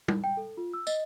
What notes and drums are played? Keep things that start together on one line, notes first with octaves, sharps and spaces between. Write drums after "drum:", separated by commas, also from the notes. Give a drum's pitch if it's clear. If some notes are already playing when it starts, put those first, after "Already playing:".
drum: tom
G5
A4
F4
E6
D#5, drum: tambourine